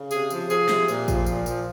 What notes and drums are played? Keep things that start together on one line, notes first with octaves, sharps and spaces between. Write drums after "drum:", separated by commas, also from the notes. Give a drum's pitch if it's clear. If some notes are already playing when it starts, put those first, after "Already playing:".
Already playing: C#3
C3 G#4, drum: tambourine
F3, drum: tambourine
F3 G#4, drum: tambourine
C3, drum: snare
A#2, drum: tambourine
F3, drum: kick A1, tambourine
A#2, drum: tambourine
F3, drum: tambourine